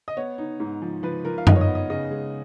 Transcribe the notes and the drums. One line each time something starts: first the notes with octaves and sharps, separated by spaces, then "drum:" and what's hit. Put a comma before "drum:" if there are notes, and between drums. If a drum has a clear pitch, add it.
D#5
B3 C#5
D#4
G#2
F3
F3 B4
F3 A#4
F5
D#4 D#5, drum: tom F#2
C#5
D#5
B3
D#5
C#3 D#5
G#3